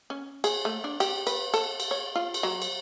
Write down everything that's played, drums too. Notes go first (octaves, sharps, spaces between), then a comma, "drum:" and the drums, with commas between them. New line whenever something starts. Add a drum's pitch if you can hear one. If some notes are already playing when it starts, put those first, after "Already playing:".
C#4
G#4, drum: cymbal
A3
D4
G4, drum: cymbal
B4, drum: cymbal
A4, drum: cymbal
drum: cymbal
C#5
F4
drum: cymbal
F#3
drum: cymbal